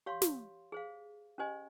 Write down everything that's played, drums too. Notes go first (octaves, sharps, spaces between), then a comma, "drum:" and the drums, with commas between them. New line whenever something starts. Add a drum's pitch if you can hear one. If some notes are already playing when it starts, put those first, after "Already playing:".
G4 C#5 F5 C6
drum: snare
G#4 C5 F5
C#4 G4 C5 D#5 G#5